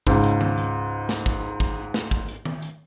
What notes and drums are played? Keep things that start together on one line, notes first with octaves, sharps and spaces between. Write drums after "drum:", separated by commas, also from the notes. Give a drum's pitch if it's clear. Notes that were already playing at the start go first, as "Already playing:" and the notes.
C#2 G#2, drum: kick
drum: hi-hat
drum: tom D#3
drum: hi-hat
drum: snare
drum: kick, hi-hat
drum: kick
drum: snare
drum: kick
drum: hi-hat
drum: tom D#3
drum: hi-hat